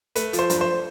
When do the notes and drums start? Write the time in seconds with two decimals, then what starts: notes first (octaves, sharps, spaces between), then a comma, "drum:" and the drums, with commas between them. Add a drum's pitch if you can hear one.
0.15 A3 B4, drum: hi-hat
0.33 F3, drum: hi-hat
0.39 C5
0.50 G2, drum: hi-hat
0.61 C5